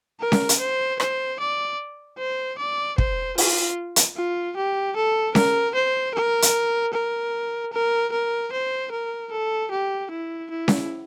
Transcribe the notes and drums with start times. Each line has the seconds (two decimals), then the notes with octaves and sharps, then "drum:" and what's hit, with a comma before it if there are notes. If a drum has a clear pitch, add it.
0.20 A#4
0.32 drum: snare C#4
0.49 drum: hi-hat
0.60 C5
1.00 C5, drum: rim click
1.40 D5
2.19 C5
2.58 D5
2.98 C5, drum: kick
3.38 F4, drum: open hi-hat
3.96 drum: hi-hat
4.17 F4
4.57 G4
4.96 A4
5.35 A#4, drum: snare C#4
5.75 C5
6.15 A#4
6.42 drum: hi-hat
6.93 A#4
7.73 A#4
8.12 A#4
8.52 C5
8.92 A#4
9.32 A4
9.71 G4
10.11 E4
10.51 E4
10.68 drum: snare C#4